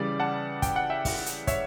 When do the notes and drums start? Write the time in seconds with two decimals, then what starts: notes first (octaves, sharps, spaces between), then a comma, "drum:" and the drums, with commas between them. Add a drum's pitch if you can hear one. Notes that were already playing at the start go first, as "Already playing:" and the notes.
Already playing: C#3 E3 G3 D5
0.20 F#5 A5
0.62 G5, drum: kick, hi-hat
0.76 F#5
0.90 E5 G5
1.05 drum: kick, open hi-hat
1.26 drum: hi-hat
1.47 C#5 E5, drum: kick, hi-hat